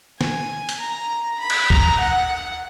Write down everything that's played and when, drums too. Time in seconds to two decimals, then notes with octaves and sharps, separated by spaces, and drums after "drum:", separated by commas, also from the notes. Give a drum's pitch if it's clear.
0.21 G#5, drum: snare
0.69 drum: hi-hat
0.80 A#5
1.40 B5
1.50 drum: cymbal
1.70 A#5, drum: kick B1
2.00 F#5